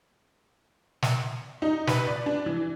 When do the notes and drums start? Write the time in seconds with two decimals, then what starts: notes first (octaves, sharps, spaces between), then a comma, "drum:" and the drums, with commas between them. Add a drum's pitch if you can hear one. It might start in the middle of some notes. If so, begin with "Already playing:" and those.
1.02 drum: snare
1.62 D#4
1.87 B4, drum: snare
2.07 D5
2.26 D4
2.46 E3